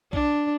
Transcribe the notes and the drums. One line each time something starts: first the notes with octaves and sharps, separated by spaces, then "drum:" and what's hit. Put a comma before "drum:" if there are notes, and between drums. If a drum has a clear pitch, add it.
D4, drum: kick B1